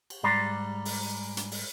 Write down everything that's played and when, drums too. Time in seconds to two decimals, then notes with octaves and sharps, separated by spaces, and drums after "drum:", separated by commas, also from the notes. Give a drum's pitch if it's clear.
0.10 drum: cymbal
0.23 G#2 G3 D5 A#5 C6
0.85 drum: open hi-hat
1.37 drum: hi-hat
1.51 drum: open hi-hat